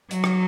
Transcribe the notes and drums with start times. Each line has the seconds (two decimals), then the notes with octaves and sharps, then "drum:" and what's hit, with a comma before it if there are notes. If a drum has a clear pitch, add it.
0.11 F#3, drum: hi-hat
0.24 drum: rim click